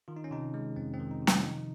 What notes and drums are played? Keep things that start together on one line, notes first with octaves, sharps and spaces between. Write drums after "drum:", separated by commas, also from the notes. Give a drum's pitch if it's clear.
D#3 F4
D#4
C#4
C3 D#4
G#3
F2 C4
C4
D#3
D#4
C3
C#4, drum: snare
F4
F3 D#4